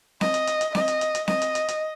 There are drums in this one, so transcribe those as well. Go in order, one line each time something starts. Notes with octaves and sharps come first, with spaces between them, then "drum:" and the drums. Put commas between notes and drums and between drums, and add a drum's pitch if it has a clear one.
D#5, drum: snare C4
drum: hi-hat
drum: hi-hat
drum: hi-hat
D#5, drum: snare C4
drum: hi-hat
drum: hi-hat
drum: hi-hat
D#5, drum: snare C4
drum: hi-hat
drum: hi-hat
drum: hi-hat